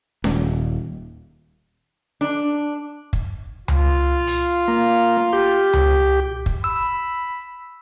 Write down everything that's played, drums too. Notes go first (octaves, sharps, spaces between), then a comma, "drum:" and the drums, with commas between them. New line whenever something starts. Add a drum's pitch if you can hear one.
D#1, drum: snare C#4
D4
drum: kick
F4, drum: tom C#2
drum: hi-hat
A#3
G4
drum: tom C#2
drum: kick
B5 E6